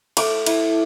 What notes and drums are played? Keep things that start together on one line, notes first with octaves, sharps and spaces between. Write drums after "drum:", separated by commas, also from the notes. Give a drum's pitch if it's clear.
A3 D6, drum: cymbal
E4, drum: cymbal